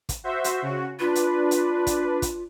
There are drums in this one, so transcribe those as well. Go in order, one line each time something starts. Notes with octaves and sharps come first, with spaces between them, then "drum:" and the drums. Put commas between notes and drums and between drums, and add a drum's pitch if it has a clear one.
drum: kick, hi-hat
F#4 C5 E5
drum: hi-hat
C#3 F#4
D4 F4 B4
drum: hi-hat
drum: hi-hat
drum: kick, hi-hat
drum: kick, hi-hat